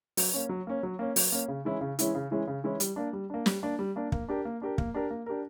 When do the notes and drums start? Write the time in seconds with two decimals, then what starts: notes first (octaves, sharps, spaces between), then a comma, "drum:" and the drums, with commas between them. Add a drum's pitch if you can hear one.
0.17 F#3, drum: open hi-hat
0.34 A#3 C#4
0.49 F#3
0.67 A#3 C#4
0.83 F#3
0.99 A#3 C#4
1.16 F#3, drum: open hi-hat
1.32 A#3 C#4
1.48 C#3
1.65 E3 G#3 C#4 E4
1.81 C#3
1.99 E3 G#3 C#4 E4, drum: hi-hat
2.15 C#3
2.31 E3 G#3 C#4 E4
2.47 C#3
2.64 E3 G#3 C#4 E4
2.80 G3, drum: hi-hat
2.96 A#3 D4
3.13 G3
3.30 A#3 D4
3.46 G3, drum: snare
3.63 A#3 D4
3.79 G3
3.96 A#3 D4
4.12 A#3, drum: kick
4.29 D4 G4 A#4
4.45 A#3
4.62 D4 G4 A#4
4.78 A#3, drum: kick
4.94 D4 G4 A#4
5.11 A#3
5.26 D4 G4 A#4